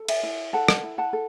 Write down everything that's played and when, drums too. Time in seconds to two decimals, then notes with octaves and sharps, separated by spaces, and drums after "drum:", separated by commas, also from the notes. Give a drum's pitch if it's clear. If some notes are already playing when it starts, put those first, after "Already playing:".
Already playing: A4
0.08 E5 G#5, drum: cymbal
0.23 E4
0.53 A4 F#5 A5
0.68 drum: rim click
0.83 E4
0.98 F#5 A5
1.13 A4